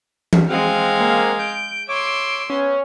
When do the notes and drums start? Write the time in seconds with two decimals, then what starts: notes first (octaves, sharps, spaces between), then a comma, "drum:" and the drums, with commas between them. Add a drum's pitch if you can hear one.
0.33 drum: tom E3
0.49 G#3 C4 F5 F#5
1.01 A#3
1.39 G6 D7
1.89 C#5 E5 C6 D6
2.50 B3 C#4